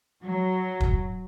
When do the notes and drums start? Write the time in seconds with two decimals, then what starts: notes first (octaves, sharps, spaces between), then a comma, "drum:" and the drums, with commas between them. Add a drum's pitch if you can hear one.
0.24 F#3
0.80 drum: kick